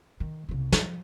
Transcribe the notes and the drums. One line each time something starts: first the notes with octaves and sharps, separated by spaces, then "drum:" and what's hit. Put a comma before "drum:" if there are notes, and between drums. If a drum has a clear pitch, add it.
D#3
C2 C#3
F3, drum: snare